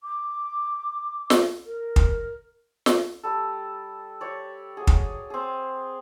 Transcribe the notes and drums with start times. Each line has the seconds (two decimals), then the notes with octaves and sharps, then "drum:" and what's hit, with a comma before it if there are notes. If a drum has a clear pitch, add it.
0.03 D6
1.30 drum: snare
1.66 A#4
1.96 drum: kick
2.86 drum: snare
3.23 G3 A4
4.21 G4 C#5 D5
4.77 F#3 G#4
4.87 drum: kick
5.30 C4 G#4